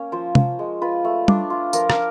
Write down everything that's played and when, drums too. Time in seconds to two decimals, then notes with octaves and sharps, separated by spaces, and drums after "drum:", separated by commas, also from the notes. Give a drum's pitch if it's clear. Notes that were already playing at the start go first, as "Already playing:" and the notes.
Already playing: A#3 C#4
0.12 F3 C5
0.35 F3, drum: tom
0.59 G#3
0.81 F4 B4
1.05 A3
1.28 D4, drum: tom G3
1.50 F4
1.73 F3 A#4, drum: tambourine
1.90 A#4, drum: rim click